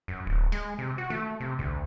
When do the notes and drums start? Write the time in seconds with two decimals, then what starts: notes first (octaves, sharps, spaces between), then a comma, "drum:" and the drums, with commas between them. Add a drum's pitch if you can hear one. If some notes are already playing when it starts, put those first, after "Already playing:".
0.08 F#2
0.26 D1
0.52 G#3, drum: hi-hat
0.79 C3
0.98 F#4
1.10 A3, drum: tom D#3
1.40 C3
1.59 D2, drum: kick B1